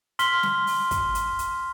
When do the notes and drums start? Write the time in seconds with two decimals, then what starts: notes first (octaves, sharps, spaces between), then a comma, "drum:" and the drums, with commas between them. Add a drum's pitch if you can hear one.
0.19 C6 F6 B6 G7, drum: hi-hat
0.43 drum: snare
0.67 drum: open hi-hat
0.91 drum: kick, hi-hat
1.15 drum: hi-hat
1.39 drum: hi-hat